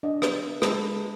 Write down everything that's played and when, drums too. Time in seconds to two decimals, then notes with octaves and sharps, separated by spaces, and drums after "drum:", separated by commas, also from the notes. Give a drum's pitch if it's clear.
0.03 D4 D#5
0.22 drum: rim click
0.62 G#3 A4 B5, drum: rim click